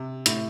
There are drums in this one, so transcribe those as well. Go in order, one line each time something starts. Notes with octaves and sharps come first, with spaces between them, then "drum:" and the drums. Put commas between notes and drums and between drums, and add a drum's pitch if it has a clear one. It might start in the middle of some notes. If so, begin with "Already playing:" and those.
Already playing: C3
A2, drum: hi-hat